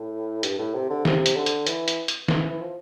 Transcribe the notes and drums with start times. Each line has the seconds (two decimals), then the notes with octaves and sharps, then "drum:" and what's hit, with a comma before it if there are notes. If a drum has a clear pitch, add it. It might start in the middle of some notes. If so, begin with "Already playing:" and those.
Already playing: A2
0.43 G2, drum: hi-hat
0.59 A2
0.74 C3
0.90 D3
1.05 C3, drum: snare
1.26 drum: hi-hat
1.36 D3
1.46 drum: hi-hat
1.67 E3, drum: hi-hat
1.88 drum: hi-hat
2.08 drum: hi-hat
2.28 E3, drum: snare
2.45 E3
2.61 F3